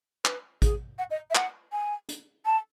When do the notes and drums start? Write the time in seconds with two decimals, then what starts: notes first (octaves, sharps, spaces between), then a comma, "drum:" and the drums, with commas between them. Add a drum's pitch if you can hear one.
0.25 B4, drum: clap
0.62 G#4, drum: kick A1, hi-hat
0.98 F#5
1.10 D#5
1.30 E5
1.35 F#5, drum: clap
1.72 G#5
2.09 drum: hi-hat
2.45 A5